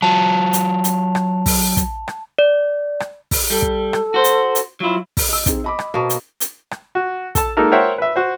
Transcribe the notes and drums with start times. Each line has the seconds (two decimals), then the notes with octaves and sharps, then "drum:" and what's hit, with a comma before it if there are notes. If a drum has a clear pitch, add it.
0.02 F#3 F4 A5 F7
0.53 drum: hi-hat
0.84 drum: hi-hat
1.15 drum: rim click
1.46 drum: kick, open hi-hat
1.77 drum: kick, hi-hat
2.08 drum: rim click
2.39 D5
3.00 drum: rim click
3.31 drum: kick, open hi-hat
3.50 G3 A4
3.62 drum: kick
3.93 drum: rim click
4.14 F#4 C5
4.24 drum: hi-hat
4.55 drum: hi-hat
4.80 F#3 E4 F4
5.17 drum: kick, open hi-hat
5.29 D#5 E6
5.46 C4 D#4 G#4, drum: kick, hi-hat
5.64 D#5 B5 D6
5.79 drum: rim click
5.94 B2 A#3 C5 A5
6.10 drum: hi-hat
6.40 drum: hi-hat
6.71 drum: rim click
6.95 F#4
7.35 A4 A5, drum: kick, hi-hat
7.57 G#3 A#3 D#4 A4 A#4
7.72 A#4 C5 C#5 E5 F#5 G5
7.98 B4 E5
8.16 F#4 C5